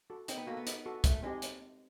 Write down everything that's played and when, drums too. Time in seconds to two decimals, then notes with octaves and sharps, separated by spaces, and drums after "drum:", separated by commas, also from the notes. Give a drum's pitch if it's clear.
0.10 F#4 A4
0.28 C4 D#4, drum: hi-hat
0.37 B3
0.47 A#3 F#4 A4
0.57 B3
0.67 D#4, drum: hi-hat
0.86 F#4 A4
1.04 G#3 A3, drum: kick, hi-hat
1.23 G#3 C4 D#4 G4
1.42 drum: hi-hat